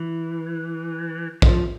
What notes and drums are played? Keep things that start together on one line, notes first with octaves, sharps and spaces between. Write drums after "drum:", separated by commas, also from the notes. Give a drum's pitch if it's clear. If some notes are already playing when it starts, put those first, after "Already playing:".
Already playing: E3
F3, drum: kick